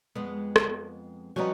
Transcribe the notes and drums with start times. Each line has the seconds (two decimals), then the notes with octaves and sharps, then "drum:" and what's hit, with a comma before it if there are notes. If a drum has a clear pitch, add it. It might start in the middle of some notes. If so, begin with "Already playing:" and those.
0.15 F2 G#3 B3
0.56 drum: rim click
1.36 F3 G3 B3 C#4 D#4 F#4